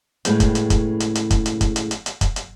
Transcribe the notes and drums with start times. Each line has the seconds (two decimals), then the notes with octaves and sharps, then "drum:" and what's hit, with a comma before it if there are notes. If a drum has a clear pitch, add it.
0.25 E2 A2 C#3 G#3 B3 G5, drum: hi-hat
0.40 drum: kick, hi-hat
0.55 drum: hi-hat
0.70 drum: kick, hi-hat
1.00 drum: hi-hat
1.15 drum: hi-hat
1.31 drum: kick, hi-hat
1.46 drum: hi-hat
1.61 drum: kick, hi-hat
1.76 drum: hi-hat
1.91 drum: hi-hat
2.06 drum: hi-hat
2.21 drum: kick, hi-hat
2.36 drum: hi-hat